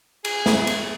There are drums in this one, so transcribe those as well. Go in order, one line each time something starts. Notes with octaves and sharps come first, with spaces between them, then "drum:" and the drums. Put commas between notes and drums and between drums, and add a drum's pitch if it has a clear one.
G#4, drum: cymbal
drum: snare
drum: cymbal